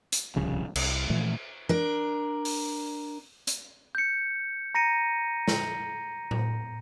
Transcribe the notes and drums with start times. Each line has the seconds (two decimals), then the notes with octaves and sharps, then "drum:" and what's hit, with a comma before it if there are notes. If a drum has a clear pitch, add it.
0.12 drum: hi-hat
0.36 D1 C2 C#3 F3
0.75 C2, drum: cymbal
1.10 A#2 E3 F3 A3
1.69 D4 A#4
2.45 drum: open hi-hat
3.47 drum: hi-hat
3.95 G6 C#7
4.75 A#5 A#6 C#7 D#7
5.48 drum: snare
6.31 drum: tom A2